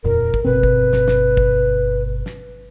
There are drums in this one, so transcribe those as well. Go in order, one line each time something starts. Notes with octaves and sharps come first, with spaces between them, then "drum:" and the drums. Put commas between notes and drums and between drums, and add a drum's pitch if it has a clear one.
D#1 F2 A#2 A#4
drum: kick
G1 B2 C4 B4
drum: kick
drum: snare
drum: snare
drum: kick
drum: snare